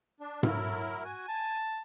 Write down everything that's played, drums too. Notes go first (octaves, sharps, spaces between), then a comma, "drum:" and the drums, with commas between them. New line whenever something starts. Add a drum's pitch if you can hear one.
D4
F#3 E4 A4 A#4, drum: tom G#2
F#4 G#5
A5